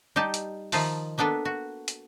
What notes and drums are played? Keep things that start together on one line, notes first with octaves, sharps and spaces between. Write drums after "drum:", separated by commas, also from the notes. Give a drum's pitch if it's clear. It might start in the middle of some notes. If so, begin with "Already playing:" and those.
G3 D#4 G4 A5
drum: hi-hat
D#3 F3 D#4 F4 E5 A5, drum: open hi-hat
A#3 B3 D4 A4 B4
F#4
drum: hi-hat